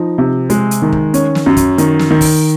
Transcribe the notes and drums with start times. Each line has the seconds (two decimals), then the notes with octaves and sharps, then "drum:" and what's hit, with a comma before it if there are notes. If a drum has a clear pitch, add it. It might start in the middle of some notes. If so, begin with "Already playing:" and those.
Already playing: F3 D#4
0.18 C3
0.50 G#3, drum: hi-hat
0.71 drum: hi-hat
0.82 D#3
0.92 drum: kick
1.14 C#4, drum: hi-hat
1.35 drum: snare
1.46 F#2
1.57 drum: kick, hi-hat
1.78 D#3, drum: hi-hat
1.99 drum: snare
2.11 D#3
2.21 drum: kick, open hi-hat